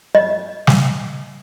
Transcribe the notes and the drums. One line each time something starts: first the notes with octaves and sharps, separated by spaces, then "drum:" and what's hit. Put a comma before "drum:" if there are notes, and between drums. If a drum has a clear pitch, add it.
D#5
drum: snare